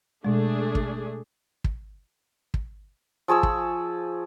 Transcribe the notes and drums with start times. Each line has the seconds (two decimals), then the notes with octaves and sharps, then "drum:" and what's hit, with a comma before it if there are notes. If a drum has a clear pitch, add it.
0.25 B2 G#3 A3 D4 G#4
0.75 drum: kick
1.64 drum: kick
2.54 drum: kick
3.28 F3 G#4 C#6 E6
3.43 drum: kick